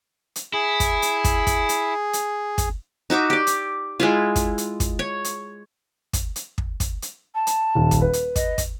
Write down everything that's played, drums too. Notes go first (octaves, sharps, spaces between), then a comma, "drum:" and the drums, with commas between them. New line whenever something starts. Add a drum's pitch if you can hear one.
drum: hi-hat
E4 G#4
drum: kick, hi-hat
drum: hi-hat
drum: kick, hi-hat
drum: kick, hi-hat
drum: hi-hat
drum: hi-hat
drum: kick, hi-hat
D#4 F#4 E5 D6
G4 D5
drum: hi-hat
G#3 E4 F4
drum: kick, hi-hat
drum: hi-hat
drum: kick, hi-hat
C#5
drum: hi-hat
drum: kick, hi-hat
drum: hi-hat
drum: kick
drum: kick, hi-hat
drum: hi-hat
A5
drum: hi-hat
D#1
drum: kick, hi-hat
B4
drum: hi-hat
D#5, drum: kick, hi-hat
drum: kick, hi-hat